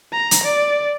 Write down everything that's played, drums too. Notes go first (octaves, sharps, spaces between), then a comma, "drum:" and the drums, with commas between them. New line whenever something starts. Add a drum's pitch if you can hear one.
A#5
drum: hi-hat
D5